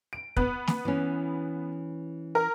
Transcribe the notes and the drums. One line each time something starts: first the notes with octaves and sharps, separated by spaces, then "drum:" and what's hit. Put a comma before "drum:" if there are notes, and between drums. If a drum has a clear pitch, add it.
D7
B3 B4, drum: kick
drum: snare
E3 C#4
A#4